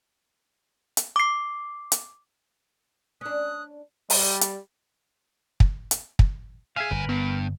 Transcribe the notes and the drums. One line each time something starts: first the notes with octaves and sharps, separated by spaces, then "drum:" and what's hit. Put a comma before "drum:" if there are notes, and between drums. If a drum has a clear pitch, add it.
drum: hi-hat
D6 C7
drum: hi-hat
C#4 D4 D#6 F#6
G3, drum: open hi-hat
drum: hi-hat
drum: kick
drum: hi-hat
drum: kick
A#2 G#4 E5 F5 G#5
G1 G2 A#4 B4
G2 B3